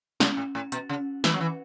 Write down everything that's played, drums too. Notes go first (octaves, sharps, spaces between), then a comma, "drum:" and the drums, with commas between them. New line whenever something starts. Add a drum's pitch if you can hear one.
C#3, drum: snare
A2
A2
B2, drum: hi-hat
C#3
E3, drum: snare
F#3
E3